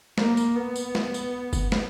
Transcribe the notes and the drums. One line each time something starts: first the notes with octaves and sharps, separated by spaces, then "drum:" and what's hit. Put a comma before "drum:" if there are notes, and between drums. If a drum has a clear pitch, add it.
A#3, drum: snare
drum: tambourine
B3
drum: tambourine
drum: snare
drum: tambourine
drum: kick F#1, tambourine
drum: snare